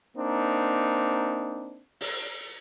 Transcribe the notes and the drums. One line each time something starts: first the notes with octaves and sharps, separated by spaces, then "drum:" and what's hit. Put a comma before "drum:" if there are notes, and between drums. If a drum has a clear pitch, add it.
A#3 C4 D4 D#4
drum: open hi-hat